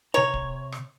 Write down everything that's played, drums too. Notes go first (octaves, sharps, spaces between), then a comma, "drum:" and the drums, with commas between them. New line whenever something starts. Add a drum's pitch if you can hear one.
C3 C#5 A#5
drum: kick
drum: rim click